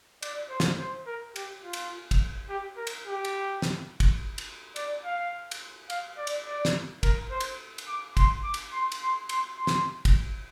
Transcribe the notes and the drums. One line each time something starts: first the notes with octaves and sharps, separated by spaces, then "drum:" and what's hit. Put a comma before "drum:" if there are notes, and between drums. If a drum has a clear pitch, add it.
D5, drum: cymbal
C5
drum: snare
C5
A#4
G4, drum: cymbal
F4
drum: cymbal
drum: kick, cymbal
G4
A#4
drum: cymbal
G4
drum: cymbal
drum: snare
drum: kick, cymbal
drum: cymbal
D5, drum: cymbal
F5
drum: cymbal
F5, drum: cymbal
D5
drum: cymbal
D5
drum: snare
A#4, drum: kick, cymbal
C5
drum: cymbal
drum: cymbal
D6
C6, drum: kick, cymbal
D6
drum: cymbal
C6
drum: cymbal
C6
C6, drum: cymbal
C6
drum: snare
drum: kick, cymbal